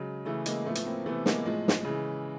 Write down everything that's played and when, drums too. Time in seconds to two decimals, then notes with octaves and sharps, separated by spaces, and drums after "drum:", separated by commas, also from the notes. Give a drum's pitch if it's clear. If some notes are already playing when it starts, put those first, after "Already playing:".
Already playing: C#3 F#3 G#3
0.25 C#3 E3 A3
0.46 G#3 A#3, drum: hi-hat
0.65 A2 F3 A3 B3
0.75 drum: hi-hat
0.85 A#3 C4
1.06 C3 E3 A3 B3
1.26 G#3 A#3, drum: snare
1.45 A2 F3 G#3
1.68 drum: snare
1.85 C#3 E3